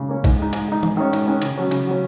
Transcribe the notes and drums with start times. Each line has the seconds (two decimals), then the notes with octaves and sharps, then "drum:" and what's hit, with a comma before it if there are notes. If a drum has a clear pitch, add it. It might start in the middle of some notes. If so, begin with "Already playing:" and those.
Already playing: C#3
0.09 A#3 C#4
0.24 G#2, drum: kick, cymbal
0.39 G#3 D#4
0.53 G#2, drum: cymbal
0.68 G#3 D#4
0.83 G#2, drum: tom D#3
0.97 D#3 G#3 C#4
1.13 G#2, drum: cymbal
1.27 D#3 G#3 C#4
1.42 C#3, drum: cymbal
1.57 F#3 C#4
1.71 C#3, drum: cymbal
1.87 F#3 C#4